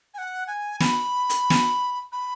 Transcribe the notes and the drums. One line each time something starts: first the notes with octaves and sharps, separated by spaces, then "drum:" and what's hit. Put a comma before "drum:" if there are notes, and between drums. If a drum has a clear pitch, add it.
G#5
F#5
G#5
B5, drum: snare
drum: hi-hat
drum: snare
B5